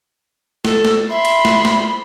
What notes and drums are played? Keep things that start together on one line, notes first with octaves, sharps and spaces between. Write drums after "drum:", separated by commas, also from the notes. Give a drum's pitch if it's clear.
A4, drum: snare
drum: snare
E5 B5 C6
drum: cymbal
drum: snare
drum: snare